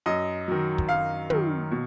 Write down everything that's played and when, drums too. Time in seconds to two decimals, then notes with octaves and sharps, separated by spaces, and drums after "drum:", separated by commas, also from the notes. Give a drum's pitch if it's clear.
0.06 F#2 D#5
0.48 D#3 F#3
0.78 drum: kick
0.89 F#2 F5
1.30 D#3 F#3, drum: tom
1.71 B2